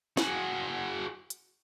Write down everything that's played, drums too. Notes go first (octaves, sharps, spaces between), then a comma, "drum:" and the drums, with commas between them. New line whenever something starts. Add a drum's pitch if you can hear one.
F#4 G#4, drum: snare
drum: hi-hat